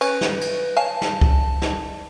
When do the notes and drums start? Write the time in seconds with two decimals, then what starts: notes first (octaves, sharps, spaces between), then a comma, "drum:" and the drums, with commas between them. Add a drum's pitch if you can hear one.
0.01 C#4 B4, drum: cymbal
0.21 drum: snare
0.41 drum: cymbal
0.77 C#5 F5 G#5 A5
1.01 drum: snare
1.21 drum: kick C#2
1.62 drum: snare